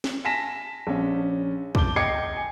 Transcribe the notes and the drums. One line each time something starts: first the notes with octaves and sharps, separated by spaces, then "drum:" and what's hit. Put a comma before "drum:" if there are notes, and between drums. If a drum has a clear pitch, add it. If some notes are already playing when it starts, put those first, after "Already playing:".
drum: snare
G#5 A5 A#6 B6 E7
A#1 C#4
A5 D6 G6 G7, drum: kick
D#5 G5 D6 G#6 C7 C#7
G#5